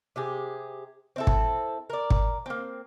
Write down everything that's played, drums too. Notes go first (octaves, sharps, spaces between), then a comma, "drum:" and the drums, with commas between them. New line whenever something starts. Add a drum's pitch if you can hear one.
C3 G4 G#4
C4 E4 A4
drum: kick
A#4 D5
drum: kick
A#3 C4